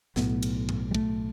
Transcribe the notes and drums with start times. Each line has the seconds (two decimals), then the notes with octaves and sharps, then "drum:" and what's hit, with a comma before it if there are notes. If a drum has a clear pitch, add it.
0.16 B1 A2 B3, drum: snare
0.43 drum: cymbal
0.69 drum: tom G2
0.91 G3
0.95 A3, drum: kick